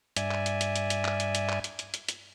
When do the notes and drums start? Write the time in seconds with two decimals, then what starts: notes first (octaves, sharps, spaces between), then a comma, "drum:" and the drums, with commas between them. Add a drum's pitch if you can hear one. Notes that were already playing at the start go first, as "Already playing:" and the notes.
0.16 G2 D5 E5 G#5, drum: hi-hat
0.31 drum: clap
0.46 drum: hi-hat
0.61 drum: hi-hat
0.76 drum: hi-hat
0.90 drum: hi-hat
1.05 drum: clap
1.20 drum: hi-hat
1.35 drum: hi-hat
1.49 drum: clap
1.64 drum: hi-hat
1.79 drum: hi-hat
1.94 drum: hi-hat
2.09 drum: hi-hat